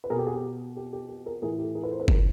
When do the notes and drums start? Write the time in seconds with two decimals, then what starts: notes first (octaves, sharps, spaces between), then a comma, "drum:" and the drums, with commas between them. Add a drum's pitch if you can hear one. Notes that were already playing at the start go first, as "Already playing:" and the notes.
0.04 B4
0.10 B2 G#4 A#4
0.18 G4 A4
0.27 F#4 G#4
0.34 G4
0.76 G4
0.93 G4
1.09 G4
1.26 G#4 A#4
1.42 A2 E3 G#4 A#4
1.59 G4 A4
1.75 G#4 A#4
1.83 A4 B4
1.91 A#4 C5
2.00 A4 B4
2.08 G#4 A#4, drum: kick F#1